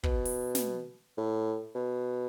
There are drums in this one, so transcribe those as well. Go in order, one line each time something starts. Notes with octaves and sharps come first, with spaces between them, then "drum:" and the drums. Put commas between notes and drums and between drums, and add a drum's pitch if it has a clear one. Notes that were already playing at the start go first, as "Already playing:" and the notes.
B2, drum: kick
drum: open hi-hat
drum: snare
A2
B2